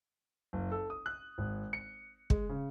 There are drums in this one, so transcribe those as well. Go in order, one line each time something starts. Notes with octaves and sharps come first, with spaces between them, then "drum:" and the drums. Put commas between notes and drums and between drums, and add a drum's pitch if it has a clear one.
F#1
A4
D#6
F#6
G#1
C#7
G#3, drum: kick
C#3